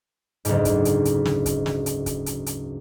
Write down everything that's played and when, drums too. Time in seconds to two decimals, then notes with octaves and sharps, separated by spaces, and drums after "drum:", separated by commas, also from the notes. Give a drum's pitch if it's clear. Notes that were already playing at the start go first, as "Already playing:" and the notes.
0.45 F#1 D2 G#2, drum: hi-hat
0.65 drum: kick, hi-hat
0.85 drum: hi-hat
1.05 drum: hi-hat
1.25 drum: snare
1.46 drum: kick, hi-hat
1.66 drum: snare
1.86 drum: hi-hat
2.06 drum: kick, hi-hat
2.26 drum: hi-hat
2.46 drum: hi-hat